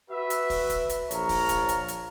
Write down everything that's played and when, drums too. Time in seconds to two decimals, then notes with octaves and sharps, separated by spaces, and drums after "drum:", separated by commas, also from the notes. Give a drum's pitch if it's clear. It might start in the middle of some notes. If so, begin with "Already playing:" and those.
0.10 F#4 B4 E5
0.30 drum: hi-hat
0.50 drum: kick, open hi-hat
0.70 drum: kick, hi-hat
0.89 drum: hi-hat
1.11 A#1 C#5 F5 A5 A#5, drum: hi-hat
1.29 drum: kick, open hi-hat
1.49 drum: kick, hi-hat
1.69 drum: hi-hat
1.88 drum: hi-hat